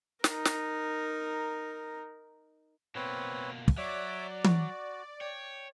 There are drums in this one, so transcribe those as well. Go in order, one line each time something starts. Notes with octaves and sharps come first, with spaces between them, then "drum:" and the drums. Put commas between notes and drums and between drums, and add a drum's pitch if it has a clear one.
D#4 A#4, drum: snare
drum: snare
B2 A#3 C4 B4 C#5
drum: kick
F#3 C#5 D5 E5 D6
F#4, drum: tom E3
C#5 G5